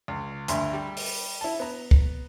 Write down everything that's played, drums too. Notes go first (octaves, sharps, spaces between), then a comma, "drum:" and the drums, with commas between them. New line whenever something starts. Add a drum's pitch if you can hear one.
C#2
D2 G2 E5 A#5 C6, drum: hi-hat
G3
drum: open hi-hat
E4 A5
B3 A#5
drum: kick